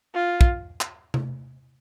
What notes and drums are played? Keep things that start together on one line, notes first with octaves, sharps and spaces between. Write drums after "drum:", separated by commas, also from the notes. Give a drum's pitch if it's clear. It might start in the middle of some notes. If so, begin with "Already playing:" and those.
F4
drum: kick
drum: clap
drum: tom C3